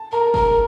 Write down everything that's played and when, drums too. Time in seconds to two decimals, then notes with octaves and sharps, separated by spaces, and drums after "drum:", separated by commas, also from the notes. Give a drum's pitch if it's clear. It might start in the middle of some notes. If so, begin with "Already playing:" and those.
Already playing: A5
0.12 A#4 A#5
0.34 A#4 A#5, drum: kick